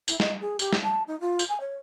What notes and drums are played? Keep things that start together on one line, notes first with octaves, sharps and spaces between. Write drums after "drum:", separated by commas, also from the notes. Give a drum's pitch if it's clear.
E4, drum: tambourine
D#5, drum: snare
G#4
G4, drum: tambourine
drum: snare
A5
D#4
F4
drum: tambourine
G#5
C#5